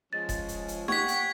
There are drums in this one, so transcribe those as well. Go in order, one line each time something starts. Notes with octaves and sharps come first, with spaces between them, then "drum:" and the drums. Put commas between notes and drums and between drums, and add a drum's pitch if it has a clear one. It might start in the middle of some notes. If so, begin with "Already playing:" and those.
F3 G#3 C#4 A6
drum: kick E1, hi-hat
drum: hi-hat
drum: hi-hat
G4 F#5 C#6 G#6 B6, drum: snare D#4
drum: hi-hat